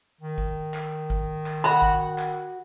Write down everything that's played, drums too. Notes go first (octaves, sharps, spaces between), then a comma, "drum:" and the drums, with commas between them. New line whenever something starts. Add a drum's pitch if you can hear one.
D#3
drum: kick
drum: clap
drum: kick
drum: clap
F#4 F#5 B5
drum: kick
drum: clap